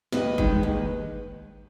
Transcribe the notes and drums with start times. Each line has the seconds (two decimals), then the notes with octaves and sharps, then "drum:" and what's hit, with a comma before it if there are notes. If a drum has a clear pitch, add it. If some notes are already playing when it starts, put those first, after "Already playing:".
0.12 D#2 B4 D#5, drum: snare
0.38 D#3 G#3, drum: kick
0.63 D#2